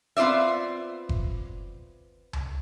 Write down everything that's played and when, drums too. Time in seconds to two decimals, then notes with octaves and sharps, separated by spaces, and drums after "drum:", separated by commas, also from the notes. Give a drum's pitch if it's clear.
0.17 B3 C4 F4 D5 E5
1.09 drum: kick F#1
2.33 drum: tom C#2